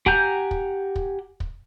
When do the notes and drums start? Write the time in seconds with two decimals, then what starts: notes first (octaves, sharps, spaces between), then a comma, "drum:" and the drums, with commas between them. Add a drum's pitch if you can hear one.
0.06 G4 F#5 G#5 A#5 G6, drum: kick
0.51 drum: kick
0.96 drum: kick
1.40 drum: kick